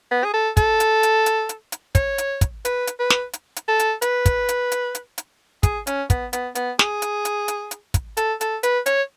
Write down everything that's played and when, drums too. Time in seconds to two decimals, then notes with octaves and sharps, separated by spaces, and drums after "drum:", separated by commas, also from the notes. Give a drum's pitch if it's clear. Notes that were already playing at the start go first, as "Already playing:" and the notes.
0.11 B3
0.24 G#4
0.34 A4
0.57 A4, drum: kick, hi-hat
0.80 drum: hi-hat
1.03 drum: hi-hat
1.26 drum: hi-hat
1.49 drum: hi-hat
1.72 drum: hi-hat
1.95 C#5, drum: kick, hi-hat
2.18 drum: hi-hat
2.41 drum: kick, hi-hat
2.65 B4, drum: hi-hat
2.87 drum: hi-hat
2.99 B4
3.10 drum: snare
3.33 drum: hi-hat
3.56 drum: hi-hat
3.68 A4
3.79 drum: hi-hat
4.02 B4, drum: hi-hat
4.26 drum: kick, hi-hat
4.49 drum: hi-hat
4.72 drum: hi-hat
4.95 drum: hi-hat
5.18 drum: hi-hat
5.63 G#4, drum: kick, hi-hat
5.87 C#4, drum: hi-hat
6.10 B3, drum: kick, hi-hat
6.33 B3, drum: hi-hat
6.55 B3, drum: hi-hat
6.79 G#4, drum: snare
7.02 drum: hi-hat
7.25 drum: hi-hat
7.48 drum: hi-hat
7.71 drum: hi-hat
7.94 drum: kick, hi-hat
8.17 A4, drum: hi-hat
8.41 A4, drum: hi-hat
8.63 B4, drum: hi-hat
8.86 C#5, drum: hi-hat